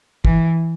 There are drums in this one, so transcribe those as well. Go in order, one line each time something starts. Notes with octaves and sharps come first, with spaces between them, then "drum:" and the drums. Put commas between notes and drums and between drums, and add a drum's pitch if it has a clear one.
E3, drum: kick